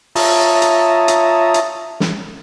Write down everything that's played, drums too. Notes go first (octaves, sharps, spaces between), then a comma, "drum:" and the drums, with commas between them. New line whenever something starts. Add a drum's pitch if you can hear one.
F4 C#5 E5 A5 A#5 D#6, drum: open hi-hat
drum: hi-hat
drum: hi-hat
drum: hi-hat
drum: snare